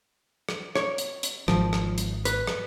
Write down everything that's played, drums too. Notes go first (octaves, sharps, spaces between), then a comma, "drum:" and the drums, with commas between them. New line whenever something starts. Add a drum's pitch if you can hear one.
drum: rim click
C#5, drum: rim click
drum: hi-hat
drum: hi-hat
G#1 F3, drum: rim click
drum: rim click
drum: hi-hat
B4, drum: hi-hat
drum: rim click